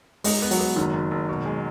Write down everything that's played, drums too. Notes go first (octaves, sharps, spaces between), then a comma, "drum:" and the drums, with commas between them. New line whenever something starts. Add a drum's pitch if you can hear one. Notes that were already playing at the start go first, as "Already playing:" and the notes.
G#3 D#4, drum: open hi-hat
B3
F#3, drum: open hi-hat
B3
F#1 D#3
F#1
F#1
B2
G#3